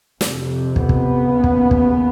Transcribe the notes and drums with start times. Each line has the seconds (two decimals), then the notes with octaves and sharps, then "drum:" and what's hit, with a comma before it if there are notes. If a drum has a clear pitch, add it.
0.21 F2 C3, drum: snare
0.76 B3, drum: kick
0.89 drum: kick
1.30 D#2 C#3
1.44 drum: kick
1.71 drum: kick